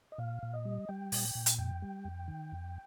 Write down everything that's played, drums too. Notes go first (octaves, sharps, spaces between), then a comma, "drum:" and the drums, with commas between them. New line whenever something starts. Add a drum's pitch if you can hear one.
D#5
A#2 F5
A#2
D#5
G3
G3 G5
A#2, drum: open hi-hat
A#2
drum: hi-hat
F2 G5
G3
F2
D#3
F2